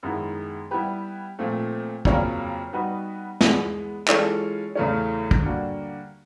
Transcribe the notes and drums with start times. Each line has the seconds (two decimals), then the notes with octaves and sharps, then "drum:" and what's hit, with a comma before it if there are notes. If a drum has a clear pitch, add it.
0.03 F#2 D#3 G#3 B3 E4
0.71 G3 B3 E4 G4 B4
1.39 A#2 F3 A3 C4
2.05 F2 C#3 F#3 A#3 C#4, drum: kick
2.73 G3 B3 D#4 F#4 B4
3.41 E3 G#3 B3, drum: snare
4.08 E3 G#3 C#4 F4 A4, drum: clap
4.75 E2 C#3 E3 A3 C#4
5.31 drum: kick
5.43 D3 G3 A#3 D4 F#4